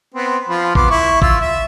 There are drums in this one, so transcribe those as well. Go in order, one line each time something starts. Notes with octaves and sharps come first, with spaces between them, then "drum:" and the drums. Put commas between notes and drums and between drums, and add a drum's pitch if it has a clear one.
B3 C4
F3 F4 B5
B3 C6 D6, drum: kick
E4 C#6
F4 E6, drum: kick
E5